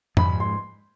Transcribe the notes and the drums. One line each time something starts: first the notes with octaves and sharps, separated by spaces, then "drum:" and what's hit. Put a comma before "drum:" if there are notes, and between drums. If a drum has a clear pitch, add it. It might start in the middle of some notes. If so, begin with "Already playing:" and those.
G#2 F3 G#3 B5, drum: tom F2
C6